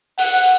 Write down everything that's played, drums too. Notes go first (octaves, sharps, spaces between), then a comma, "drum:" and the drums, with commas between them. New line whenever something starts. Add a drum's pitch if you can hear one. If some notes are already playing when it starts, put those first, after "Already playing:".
F#5, drum: open hi-hat